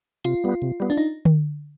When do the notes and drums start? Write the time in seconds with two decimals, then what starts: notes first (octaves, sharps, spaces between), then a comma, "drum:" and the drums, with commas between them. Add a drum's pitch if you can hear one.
0.25 C3 F4, drum: hi-hat
0.44 G3 B3
0.62 C3
0.80 G3 B3
0.90 D4
0.97 D#4
1.25 drum: tom D3